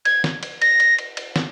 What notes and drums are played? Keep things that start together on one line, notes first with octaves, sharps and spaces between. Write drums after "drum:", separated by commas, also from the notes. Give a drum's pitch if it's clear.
G#6, drum: cymbal
drum: snare
drum: cymbal
A#6, drum: cymbal
drum: cymbal
drum: cymbal
drum: cymbal
drum: snare